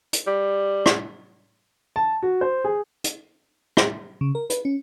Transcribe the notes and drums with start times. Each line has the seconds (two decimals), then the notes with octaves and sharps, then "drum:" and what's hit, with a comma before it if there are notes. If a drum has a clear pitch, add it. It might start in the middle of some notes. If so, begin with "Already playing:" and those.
0.13 drum: hi-hat
0.27 G3
0.86 drum: rim click
1.96 A5
2.23 F#4
2.41 C5
2.64 G#4
3.04 drum: hi-hat
3.77 drum: rim click
4.21 C#3
4.35 A#4
4.50 B4, drum: hi-hat
4.65 C#4